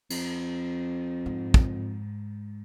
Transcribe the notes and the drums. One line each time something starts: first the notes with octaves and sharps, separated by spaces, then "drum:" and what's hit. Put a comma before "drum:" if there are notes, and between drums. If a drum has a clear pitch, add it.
F2, drum: cymbal
G#2
drum: kick